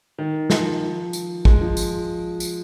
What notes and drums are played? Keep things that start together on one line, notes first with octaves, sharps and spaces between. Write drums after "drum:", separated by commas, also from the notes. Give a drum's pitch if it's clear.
D#3
F3, drum: snare
drum: tambourine
G#3, drum: kick
F3
drum: tambourine
drum: tambourine